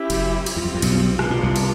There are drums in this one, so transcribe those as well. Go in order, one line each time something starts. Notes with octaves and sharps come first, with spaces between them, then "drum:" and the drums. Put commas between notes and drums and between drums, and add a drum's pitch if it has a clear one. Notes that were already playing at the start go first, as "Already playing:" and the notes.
Already playing: C#4 E4 G4
F#1 F#2, drum: cymbal
G3 C4 F4, drum: cymbal
E2
F2
F2
B1 B2, drum: cymbal
C3 G#3 B3 D4 F4 A#4, drum: rim click
B2
C2 C3
drum: cymbal